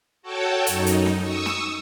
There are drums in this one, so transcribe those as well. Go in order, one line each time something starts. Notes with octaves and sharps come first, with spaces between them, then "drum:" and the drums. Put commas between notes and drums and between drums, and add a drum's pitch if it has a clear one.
F#4 A4 C#5 G5 A5
F#2 D#4, drum: hi-hat
drum: hi-hat
drum: snare
C#6 D#6 E6
drum: snare